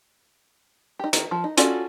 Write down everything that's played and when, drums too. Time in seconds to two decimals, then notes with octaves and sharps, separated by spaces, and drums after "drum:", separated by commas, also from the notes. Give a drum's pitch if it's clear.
0.99 D#4 G4
1.13 D#3, drum: hi-hat
1.31 F3
1.44 D#4
1.57 C#4 F4 F#4 A4 D5, drum: hi-hat